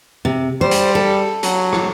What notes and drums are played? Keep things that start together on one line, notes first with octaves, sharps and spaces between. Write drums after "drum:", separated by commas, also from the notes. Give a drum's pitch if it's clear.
C3
G3 C5
drum: hi-hat
A4
F#3, drum: hi-hat
drum: rim click